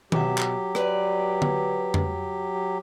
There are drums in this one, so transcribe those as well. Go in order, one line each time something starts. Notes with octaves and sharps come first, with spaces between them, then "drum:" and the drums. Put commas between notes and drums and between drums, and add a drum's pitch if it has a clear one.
B2 F#3 G4 E5, drum: tom D#3
drum: clap
B4 D5, drum: rim click
drum: tom D3
drum: tom F2